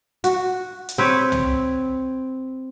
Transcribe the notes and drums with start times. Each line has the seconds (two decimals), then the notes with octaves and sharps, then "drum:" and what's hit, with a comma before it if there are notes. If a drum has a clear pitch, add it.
0.24 F#4, drum: hi-hat
0.89 drum: hi-hat
0.98 C4 B4 C#5
1.32 drum: tom C2